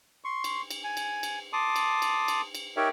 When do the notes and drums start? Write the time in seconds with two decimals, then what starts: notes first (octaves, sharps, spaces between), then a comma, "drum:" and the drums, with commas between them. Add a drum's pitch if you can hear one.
0.24 C6 C#6
0.44 drum: cymbal
0.71 drum: cymbal
0.84 G#5
0.97 drum: cymbal
1.23 drum: cymbal
1.53 A5 C6 D6 D#6
1.76 drum: cymbal
2.02 drum: cymbal
2.28 drum: cymbal
2.55 drum: cymbal
2.77 D#4 G4 A#4 C#5 E5 G5